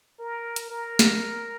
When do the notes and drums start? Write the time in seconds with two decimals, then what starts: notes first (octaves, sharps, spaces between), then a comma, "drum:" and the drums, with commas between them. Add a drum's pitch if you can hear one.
0.19 A#4
0.56 drum: hi-hat
0.70 A#4
0.99 drum: snare